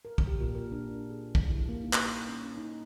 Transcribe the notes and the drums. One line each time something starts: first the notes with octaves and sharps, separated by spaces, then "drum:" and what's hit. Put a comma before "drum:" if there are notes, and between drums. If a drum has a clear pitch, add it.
A#4
drum: kick
G4
A#2
A#4
D4
G#4
G3, drum: kick
E4
A#3
D#4
drum: clap
C#4
D#4